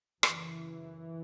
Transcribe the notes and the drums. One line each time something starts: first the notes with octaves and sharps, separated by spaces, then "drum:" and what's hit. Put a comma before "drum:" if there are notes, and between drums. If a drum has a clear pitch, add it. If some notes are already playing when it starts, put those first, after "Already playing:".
F#2 C#3 E3, drum: rim click